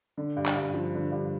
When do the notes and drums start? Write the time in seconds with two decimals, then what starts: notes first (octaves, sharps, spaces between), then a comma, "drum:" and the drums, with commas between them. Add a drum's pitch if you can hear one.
0.18 D3
0.37 G2
0.46 drum: clap
0.56 G2
0.74 F3
0.94 D3
1.12 G2